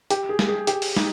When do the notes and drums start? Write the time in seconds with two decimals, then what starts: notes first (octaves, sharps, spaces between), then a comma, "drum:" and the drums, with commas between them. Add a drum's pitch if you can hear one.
0.10 G4, drum: hi-hat
0.29 G#4
0.39 drum: snare
0.48 G#4
0.67 G4, drum: hi-hat
0.82 drum: open hi-hat
0.97 D#4, drum: snare